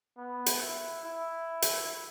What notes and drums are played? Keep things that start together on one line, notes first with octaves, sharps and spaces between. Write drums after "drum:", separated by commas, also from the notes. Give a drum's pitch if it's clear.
B3
drum: hi-hat
E4
E4
drum: hi-hat